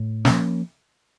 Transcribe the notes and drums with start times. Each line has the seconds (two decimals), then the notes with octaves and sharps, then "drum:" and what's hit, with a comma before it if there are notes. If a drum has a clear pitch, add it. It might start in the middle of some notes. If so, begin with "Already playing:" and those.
Already playing: A2
0.25 F3 A#3 C#4, drum: snare